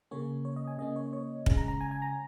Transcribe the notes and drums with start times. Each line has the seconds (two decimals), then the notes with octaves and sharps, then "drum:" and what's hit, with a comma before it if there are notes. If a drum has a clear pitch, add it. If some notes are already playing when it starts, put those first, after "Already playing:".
0.11 C#3 A#3 C#4 C#5
0.45 C#5
0.56 D#5
0.67 G#5
0.78 C#3 A#3 C#4 D#5
0.96 C#5
1.13 C#5
1.46 C#3 G#3 C#4, drum: kick
1.57 A#5
1.68 A#5
1.81 G#5
1.91 G#5
2.02 A#5